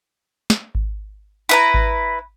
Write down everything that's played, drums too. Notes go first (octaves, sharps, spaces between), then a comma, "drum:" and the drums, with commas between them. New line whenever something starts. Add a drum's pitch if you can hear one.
drum: snare
drum: kick G#1
E4 B4 A#5
drum: kick G#1